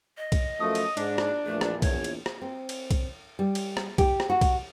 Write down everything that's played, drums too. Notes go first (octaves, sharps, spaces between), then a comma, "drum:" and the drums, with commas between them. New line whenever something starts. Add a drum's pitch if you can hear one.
D#5
drum: kick B1, cymbal
F#2 F3 A3 D#6
drum: cymbal
G#2 D4, drum: cymbal
drum: rim click
A#1 E2 A3
drum: rim click
C#5, drum: kick B1, cymbal
drum: cymbal
drum: rim click
C4
drum: cymbal
drum: kick B1, cymbal
G3
drum: cymbal
drum: rim click
G4, drum: kick B1, cymbal
drum: rim click
F#4
drum: kick B1, cymbal